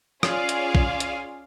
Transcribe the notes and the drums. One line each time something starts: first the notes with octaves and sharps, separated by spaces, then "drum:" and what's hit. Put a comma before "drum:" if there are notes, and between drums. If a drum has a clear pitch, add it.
C#4 F4 G#4 D5 F5, drum: rim click
drum: hi-hat
drum: kick A#1
drum: hi-hat